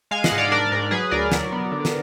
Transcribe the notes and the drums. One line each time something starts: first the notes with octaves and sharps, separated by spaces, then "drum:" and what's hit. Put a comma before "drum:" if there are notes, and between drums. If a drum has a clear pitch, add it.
G#3 F5 G#5
D#5 F#5, drum: snare
G#2
D5 F5
D4 A#4 D5
G#2 A#4
F#3 G#4 B4
D2 A#4 D5
F#3, drum: snare
B3
D3
drum: snare